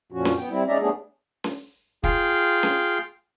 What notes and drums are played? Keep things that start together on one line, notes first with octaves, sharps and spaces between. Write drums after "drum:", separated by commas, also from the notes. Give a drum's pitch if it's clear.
F2 A#2 F3 C#4 F#4
drum: snare C#4
B3 G5
G3 C4 E4
G#3 C#4 D#4 D5 E5 A#5
G3 A3 B3 C#4 D4 G#4
drum: snare C#4
F4 G#4 F5 G5, drum: kick
drum: snare C#4